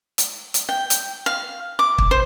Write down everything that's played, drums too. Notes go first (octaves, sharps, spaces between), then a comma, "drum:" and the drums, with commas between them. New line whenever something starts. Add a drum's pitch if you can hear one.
drum: hi-hat
drum: hi-hat
G5
drum: hi-hat
F5
D6
drum: kick
C5